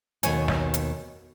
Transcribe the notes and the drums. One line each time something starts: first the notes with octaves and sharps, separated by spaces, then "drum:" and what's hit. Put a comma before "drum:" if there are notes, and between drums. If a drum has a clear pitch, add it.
D#2 B2 D#3 C#5 G#5, drum: hi-hat
drum: snare
drum: hi-hat